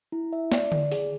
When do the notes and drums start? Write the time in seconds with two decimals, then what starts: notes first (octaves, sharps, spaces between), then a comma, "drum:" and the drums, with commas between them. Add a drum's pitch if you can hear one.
0.12 E4
0.33 E5
0.52 D5, drum: snare
0.72 D5, drum: tom D3
0.92 G#4, drum: open hi-hat